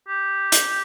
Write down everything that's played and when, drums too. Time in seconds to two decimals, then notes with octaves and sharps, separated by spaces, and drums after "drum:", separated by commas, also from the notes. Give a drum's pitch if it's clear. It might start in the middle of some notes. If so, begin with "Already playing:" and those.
0.08 G4
0.52 drum: hi-hat